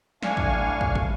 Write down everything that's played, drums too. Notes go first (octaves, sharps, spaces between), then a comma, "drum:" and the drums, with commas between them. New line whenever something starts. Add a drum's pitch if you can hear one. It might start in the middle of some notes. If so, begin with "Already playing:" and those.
A2 D4 F5 G#5 C#6, drum: snare
drum: kick
drum: kick
drum: kick